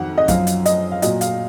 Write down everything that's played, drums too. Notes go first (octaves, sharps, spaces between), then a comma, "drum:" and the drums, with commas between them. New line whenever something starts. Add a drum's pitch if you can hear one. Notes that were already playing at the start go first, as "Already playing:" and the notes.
Already playing: F2 D#3 F#3 F#5
D#5
F#2 F3 F5, drum: kick, hi-hat
drum: hi-hat
D#5, drum: hi-hat
F5
A#2 F#3 D#5, drum: hi-hat
F5, drum: hi-hat